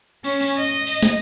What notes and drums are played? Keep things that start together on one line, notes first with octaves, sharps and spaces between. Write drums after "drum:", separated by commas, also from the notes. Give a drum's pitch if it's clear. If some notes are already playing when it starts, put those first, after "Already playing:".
C#4, drum: cymbal
drum: cymbal
D#5
drum: cymbal
drum: snare